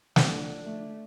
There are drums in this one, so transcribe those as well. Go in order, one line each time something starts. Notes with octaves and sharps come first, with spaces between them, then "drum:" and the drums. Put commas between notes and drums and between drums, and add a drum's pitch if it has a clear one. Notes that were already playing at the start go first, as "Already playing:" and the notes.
D3 F3 B3 C4 D4, drum: snare
A3